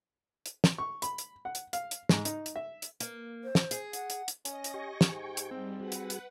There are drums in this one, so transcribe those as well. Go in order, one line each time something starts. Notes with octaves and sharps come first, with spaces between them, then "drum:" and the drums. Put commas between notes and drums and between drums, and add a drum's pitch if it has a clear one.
drum: hi-hat
drum: snare
C#6
B5, drum: hi-hat
drum: hi-hat
F#5
drum: hi-hat
F5, drum: hi-hat
drum: hi-hat
G#2, drum: snare
D#4, drum: hi-hat
drum: hi-hat
E5
drum: hi-hat
A#3, drum: hi-hat
C5
drum: snare
G#4, drum: hi-hat
F#5, drum: hi-hat
drum: hi-hat
drum: hi-hat
C#4 D#5 A#6, drum: hi-hat
drum: hi-hat
G4 G#5 C#6
drum: snare
G#2 G5
drum: hi-hat
G3 C4
G3 F#4 G#4 B4 F#5
drum: hi-hat
drum: hi-hat